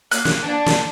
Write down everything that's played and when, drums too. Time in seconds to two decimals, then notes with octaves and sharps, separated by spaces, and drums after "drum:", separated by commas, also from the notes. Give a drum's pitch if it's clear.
0.11 A#3 F#6, drum: hi-hat
0.25 drum: snare
0.44 D4
0.66 drum: snare